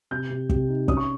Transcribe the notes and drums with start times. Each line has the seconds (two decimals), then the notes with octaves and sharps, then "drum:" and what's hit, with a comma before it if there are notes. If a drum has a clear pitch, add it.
0.11 C3 G6
0.30 C3
0.49 C3, drum: kick
0.69 D#4
0.88 C#4 D#6, drum: kick
0.97 C#6